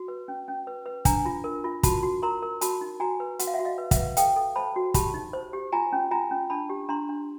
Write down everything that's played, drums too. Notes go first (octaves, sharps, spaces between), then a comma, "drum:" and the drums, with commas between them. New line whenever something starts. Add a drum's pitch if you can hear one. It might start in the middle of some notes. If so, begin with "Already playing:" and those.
Already playing: F#4
B4
C#4
C#4
B4
B4
D4 G#5 A#5, drum: kick, hi-hat
F4
A#4
F4
F#4 A5 B5, drum: kick, hi-hat
F#4
A#4 A#5 C6
A#4
F#4 A5 B5, drum: hi-hat
D#4
F#4 G#5 A#5
B4
F#4 F#5, drum: hi-hat
F5
E5 F#5
F#4
D#5 F5
B4
E5 F#5, drum: kick, hi-hat
B4
A4 F5 G5, drum: hi-hat
A4
C5 A5 B5
F#4
G4 A5 B5, drum: kick, hi-hat
D#4
C5
G4
F4 G#5 A#5
C#4
F4 G#5 A#5
C#4
D4 A5 B5
G4
D4 A#5 C6
D4